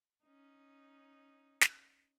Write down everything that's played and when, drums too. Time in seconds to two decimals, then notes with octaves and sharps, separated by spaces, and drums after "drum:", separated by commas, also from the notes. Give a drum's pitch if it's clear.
0.24 C#4 D#4
1.62 drum: snare